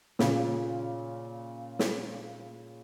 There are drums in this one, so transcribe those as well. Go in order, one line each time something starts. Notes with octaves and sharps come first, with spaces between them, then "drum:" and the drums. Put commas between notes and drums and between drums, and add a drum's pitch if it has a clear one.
A#2 C#3, drum: snare
drum: snare